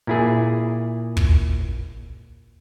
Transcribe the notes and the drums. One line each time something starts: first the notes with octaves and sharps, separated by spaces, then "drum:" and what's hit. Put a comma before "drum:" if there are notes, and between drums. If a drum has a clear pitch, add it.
A#2 E4 G#4
drum: kick